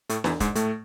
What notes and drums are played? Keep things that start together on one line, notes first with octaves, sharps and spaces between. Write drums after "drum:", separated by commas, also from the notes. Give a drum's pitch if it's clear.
A2 A3, drum: hi-hat
E2 E3, drum: snare D4
G#2 G#3, drum: kick, hi-hat
A2 A3, drum: hi-hat